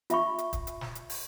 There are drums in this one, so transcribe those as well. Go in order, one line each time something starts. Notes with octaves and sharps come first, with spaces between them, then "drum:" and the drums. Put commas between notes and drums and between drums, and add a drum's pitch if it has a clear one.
F4 E5 B5 C#6, drum: hi-hat
drum: hi-hat
drum: kick, hi-hat
drum: hi-hat
drum: snare
drum: hi-hat
drum: open hi-hat